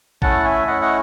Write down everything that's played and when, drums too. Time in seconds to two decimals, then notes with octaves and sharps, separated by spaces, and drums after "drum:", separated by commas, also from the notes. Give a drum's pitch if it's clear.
0.22 A3 C#4 E4 F#5 A5, drum: kick
0.45 E5 G#5
0.67 A3 C#4 E4 D#5 F#5
0.82 D#5 F#5